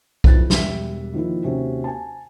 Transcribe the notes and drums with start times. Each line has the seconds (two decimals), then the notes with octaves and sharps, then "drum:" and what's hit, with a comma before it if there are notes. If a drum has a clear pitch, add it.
0.24 F2 E3 D#4 F#6 A6, drum: kick B1
0.50 E1 G3 E5 B6, drum: snare
1.14 D#3 F3 A#3 E4
1.43 D#2 C3 C#4 F#4
1.84 G#5 A5